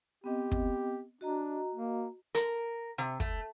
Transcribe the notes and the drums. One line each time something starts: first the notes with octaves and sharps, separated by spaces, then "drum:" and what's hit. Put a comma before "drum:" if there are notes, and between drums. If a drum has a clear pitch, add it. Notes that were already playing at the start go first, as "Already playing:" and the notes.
B3 C4 G4 D#5
drum: kick
D4 F#4 D#5 A#5
A#3
A#4, drum: hi-hat
C3
A3, drum: kick